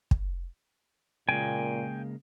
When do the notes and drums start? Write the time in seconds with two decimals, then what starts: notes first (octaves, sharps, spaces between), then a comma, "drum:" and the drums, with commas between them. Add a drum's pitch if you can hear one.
0.11 drum: kick
1.29 A#2 C#3 G#3 A#3 G5 G#5